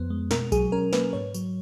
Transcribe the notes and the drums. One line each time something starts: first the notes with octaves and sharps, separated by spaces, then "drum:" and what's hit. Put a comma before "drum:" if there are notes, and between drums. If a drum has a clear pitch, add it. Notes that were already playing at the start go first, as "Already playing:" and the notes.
Already playing: F2 F3 B3
G#3
B2 A#4, drum: snare
F#3 G#4, drum: kick B1, tambourine
C#4 A#4
A#3 B4, drum: snare
G#2 C#5
F#3, drum: tambourine